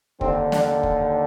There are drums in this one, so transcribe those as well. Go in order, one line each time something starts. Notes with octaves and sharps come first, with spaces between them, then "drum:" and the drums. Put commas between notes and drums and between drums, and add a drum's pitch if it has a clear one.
D#2 D3 C4, drum: kick
D4, drum: snare
drum: kick